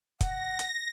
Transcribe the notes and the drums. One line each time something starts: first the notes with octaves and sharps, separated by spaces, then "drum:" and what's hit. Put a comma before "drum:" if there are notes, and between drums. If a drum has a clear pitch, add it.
F#5 A#6, drum: kick, hi-hat
drum: hi-hat